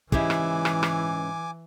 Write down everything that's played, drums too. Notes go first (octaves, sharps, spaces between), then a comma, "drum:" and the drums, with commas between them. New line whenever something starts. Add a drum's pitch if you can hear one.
G#2 C#3 E3 E4 G4 G#4 G#5 D6, drum: kick
drum: rim click
drum: rim click
drum: rim click